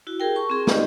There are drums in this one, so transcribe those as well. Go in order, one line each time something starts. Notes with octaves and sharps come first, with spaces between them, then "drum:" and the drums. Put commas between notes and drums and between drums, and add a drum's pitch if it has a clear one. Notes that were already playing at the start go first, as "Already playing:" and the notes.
E4 F#4
G4 G#4 A#4 G5
A5 C#6
C4 G#4
D#4 F#4 G4 D5 D#5, drum: snare